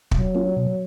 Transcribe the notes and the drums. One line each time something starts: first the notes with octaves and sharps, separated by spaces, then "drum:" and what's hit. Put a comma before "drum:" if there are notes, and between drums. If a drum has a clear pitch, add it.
B2 F#3, drum: kick
A#3 C#4 F4
B2